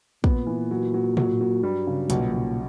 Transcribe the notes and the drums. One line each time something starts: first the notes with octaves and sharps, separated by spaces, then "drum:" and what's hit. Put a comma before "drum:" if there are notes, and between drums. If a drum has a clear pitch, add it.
A#2 B3, drum: kick
E3
F#3
F#3
F#3, drum: tom A2
F#3
G2 G3
C#3
B1 A#2, drum: hi-hat
B1